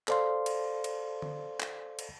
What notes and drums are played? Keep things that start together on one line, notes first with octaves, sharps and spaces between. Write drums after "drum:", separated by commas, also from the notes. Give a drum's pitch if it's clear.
A4 C5 D5 F5 C6, drum: clap
drum: cymbal
drum: cymbal
drum: tom D3
drum: clap
drum: cymbal